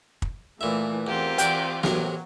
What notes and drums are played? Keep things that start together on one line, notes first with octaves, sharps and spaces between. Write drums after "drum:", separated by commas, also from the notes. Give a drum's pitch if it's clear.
drum: kick
A#2 E3 A3 E5
E2 C4 F4 G4 A#4
E3 F#4 D5 G5, drum: hi-hat
A1 C3 F#3 A#4, drum: snare